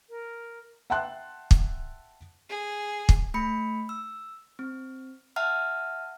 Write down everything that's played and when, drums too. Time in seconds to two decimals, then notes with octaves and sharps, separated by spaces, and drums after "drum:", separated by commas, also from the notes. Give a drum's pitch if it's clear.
0.10 A#4
0.90 E5 F#5 G5 A5 C6 F#6
1.51 drum: kick
2.49 G#4
3.09 drum: kick
3.34 A3 B5 C#7
3.89 E6
4.59 C4
5.36 E5 F#5 A5 F6